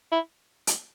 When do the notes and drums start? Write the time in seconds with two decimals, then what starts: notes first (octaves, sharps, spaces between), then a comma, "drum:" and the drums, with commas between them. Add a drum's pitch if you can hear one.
0.12 E4
0.67 drum: hi-hat